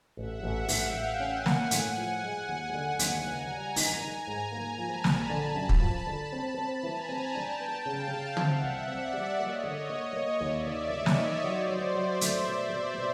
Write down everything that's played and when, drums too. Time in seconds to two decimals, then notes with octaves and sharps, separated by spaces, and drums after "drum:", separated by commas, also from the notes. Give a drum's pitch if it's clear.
0.17 A1 E5 F#5
0.43 A1
0.68 A1 F5 G5, drum: open hi-hat
0.94 A1
1.19 C#4 F#5 G#5
1.46 A#3, drum: snare
1.71 A2, drum: hi-hat
1.97 F3
2.23 G#3
2.48 D#2
2.74 D3
2.99 D#2, drum: hi-hat
3.24 C#2 G#5 A#5
3.51 G3
3.76 D#3, drum: open hi-hat
4.01 D#3
4.27 G#2
4.52 A#3
4.78 F3 A5 B5
5.04 A#1, drum: snare
5.30 D3
5.55 F#2
5.69 drum: kick
5.80 F3
6.07 D3
6.32 C4
6.58 C4
6.83 E3 G#5 A#5
7.09 C4
7.35 D4 G5 A5
7.60 B3
7.85 C#3 F5 G5
8.11 C#3
8.37 C4 E5 F#5, drum: tom
8.62 C2
8.88 C4 D5 E5
9.13 G3
9.39 A#3 C#5 D#5
9.65 D3
9.90 A#3
10.17 A#3
10.41 D#2 D5 E5
10.67 D#3
10.93 D#3 C#5 D#5
11.06 drum: snare
11.18 D#3
11.44 F#3 C5 D5
11.70 F#3
11.95 F#3 D5 E5
12.21 A3, drum: hi-hat
12.47 B2
12.72 B2
12.98 B2